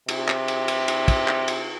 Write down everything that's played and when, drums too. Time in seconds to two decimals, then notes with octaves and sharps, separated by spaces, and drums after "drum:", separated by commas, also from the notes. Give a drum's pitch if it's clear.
0.08 C3, drum: cymbal
0.28 drum: clap
0.48 drum: cymbal
0.68 drum: cymbal
0.88 drum: cymbal
1.08 drum: kick, cymbal
1.28 drum: clap
1.48 drum: cymbal